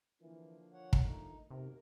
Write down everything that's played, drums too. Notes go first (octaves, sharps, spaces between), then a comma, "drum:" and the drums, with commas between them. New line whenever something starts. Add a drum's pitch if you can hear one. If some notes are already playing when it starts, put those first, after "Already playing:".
D3 E3 F3 A#3
F4 C#5 F#5
drum: kick
A3 D#4
F#2 C3 A#3 D#4 A#4